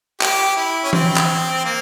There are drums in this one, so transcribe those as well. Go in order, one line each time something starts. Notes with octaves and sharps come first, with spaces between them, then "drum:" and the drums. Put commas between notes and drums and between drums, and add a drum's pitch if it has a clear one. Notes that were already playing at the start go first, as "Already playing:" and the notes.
G4, drum: clap
E4
C#4
C4, drum: tom E3
drum: clap
A#3